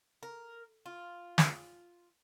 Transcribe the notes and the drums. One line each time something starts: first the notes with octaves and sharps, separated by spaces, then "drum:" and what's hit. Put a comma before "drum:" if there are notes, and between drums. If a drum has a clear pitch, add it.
A#4
F4
drum: snare